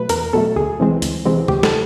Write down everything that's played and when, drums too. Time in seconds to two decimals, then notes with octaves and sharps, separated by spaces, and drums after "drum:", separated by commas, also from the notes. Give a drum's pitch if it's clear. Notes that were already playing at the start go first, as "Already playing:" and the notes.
Already playing: B2 F#3 A3 B4
0.09 E2 A#4, drum: hi-hat
0.33 B2 F#3 A3 A4
0.56 D2 G#4
0.80 C3 E3 G#3 C4
1.02 D2, drum: hi-hat
1.25 C3 E3 G#3 C4
1.48 D2 G4, drum: tom C3
1.63 A4, drum: snare